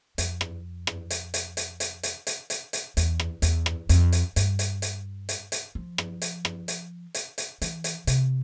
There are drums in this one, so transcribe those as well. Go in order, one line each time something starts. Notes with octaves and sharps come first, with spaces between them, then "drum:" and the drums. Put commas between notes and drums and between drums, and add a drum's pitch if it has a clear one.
F2, drum: hi-hat
drum: rim click
drum: rim click
drum: hi-hat
drum: hi-hat
drum: hi-hat
drum: hi-hat
drum: hi-hat
drum: hi-hat
drum: hi-hat
drum: hi-hat
E2, drum: hi-hat
drum: rim click
E2, drum: hi-hat
drum: rim click
F2, drum: hi-hat
drum: hi-hat
G2, drum: hi-hat
drum: hi-hat
drum: hi-hat
drum: hi-hat
drum: hi-hat
F3
drum: rim click
drum: hi-hat
drum: rim click
drum: hi-hat
drum: hi-hat
drum: hi-hat
E3, drum: hi-hat
drum: hi-hat
C3, drum: hi-hat